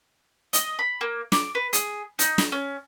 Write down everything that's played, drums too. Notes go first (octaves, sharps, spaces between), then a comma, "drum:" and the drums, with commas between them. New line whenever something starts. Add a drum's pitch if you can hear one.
D#5, drum: hi-hat
B5
A#3
D6, drum: snare
B4
G#4, drum: hi-hat
D#4, drum: hi-hat
drum: snare
C#4